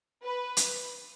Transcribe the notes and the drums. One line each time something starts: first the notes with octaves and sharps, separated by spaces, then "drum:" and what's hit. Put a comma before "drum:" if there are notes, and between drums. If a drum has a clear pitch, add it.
B4
drum: hi-hat